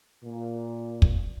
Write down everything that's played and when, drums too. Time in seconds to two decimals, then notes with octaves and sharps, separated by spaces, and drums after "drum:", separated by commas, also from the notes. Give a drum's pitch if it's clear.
0.25 A#2
1.02 drum: kick